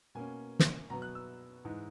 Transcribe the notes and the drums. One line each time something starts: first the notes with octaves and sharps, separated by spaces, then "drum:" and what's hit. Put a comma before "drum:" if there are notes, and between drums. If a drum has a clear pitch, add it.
B2 A#3 C#4 G#5
drum: snare
B2 F#3 B3 A#5
F#6
E6
G#2 E3 G#3 D#4